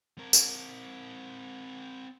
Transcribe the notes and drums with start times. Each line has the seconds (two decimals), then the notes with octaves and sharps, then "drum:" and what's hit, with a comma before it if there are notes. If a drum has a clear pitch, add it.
0.18 C4 A#4
0.33 drum: tambourine